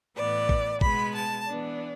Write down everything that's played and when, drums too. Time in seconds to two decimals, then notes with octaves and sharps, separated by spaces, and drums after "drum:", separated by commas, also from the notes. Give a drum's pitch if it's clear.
0.16 A2 E3 B3 D5
0.49 drum: kick A1
0.81 B2 G#3 B3 B5, drum: kick A1
1.14 A5
1.47 E3 B3 D4